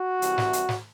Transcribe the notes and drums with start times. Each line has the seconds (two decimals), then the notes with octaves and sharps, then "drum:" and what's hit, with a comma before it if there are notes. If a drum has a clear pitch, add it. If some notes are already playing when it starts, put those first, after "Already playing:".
Already playing: F#4
0.22 C2 C3 E3, drum: hi-hat
0.38 drum: snare
0.53 drum: hi-hat
0.69 drum: snare